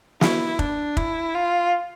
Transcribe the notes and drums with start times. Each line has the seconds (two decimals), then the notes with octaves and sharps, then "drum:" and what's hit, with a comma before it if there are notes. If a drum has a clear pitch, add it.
0.21 E4, drum: snare
0.59 D4, drum: kick
0.97 E4, drum: kick
1.35 F4